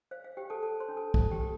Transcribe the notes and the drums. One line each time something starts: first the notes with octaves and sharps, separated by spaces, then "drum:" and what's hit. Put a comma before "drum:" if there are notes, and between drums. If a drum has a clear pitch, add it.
C5 F5
F5
G4 C5 G5
A4 A5
A4 A5
C5 C6
D4
A4 A5
A4 A5, drum: kick
G4 G5
A4